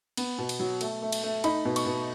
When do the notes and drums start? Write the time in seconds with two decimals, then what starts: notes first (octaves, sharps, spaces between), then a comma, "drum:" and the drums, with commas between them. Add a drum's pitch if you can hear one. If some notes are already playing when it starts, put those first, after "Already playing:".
0.17 B3, drum: cymbal
0.38 B2
0.49 drum: cymbal
0.60 F#3
0.81 A3, drum: cymbal
1.02 A3
1.12 drum: cymbal
1.23 A3
1.44 D#4 B5, drum: cymbal
1.65 B2
1.76 C#6, drum: cymbal
1.86 B2